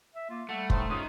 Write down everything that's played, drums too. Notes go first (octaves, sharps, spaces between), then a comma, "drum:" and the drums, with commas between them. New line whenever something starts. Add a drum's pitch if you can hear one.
E5
A#3 F4
G3 A3 F#5
A2 D#3 C5, drum: kick
D#3 G#3 C#4 F4 D#6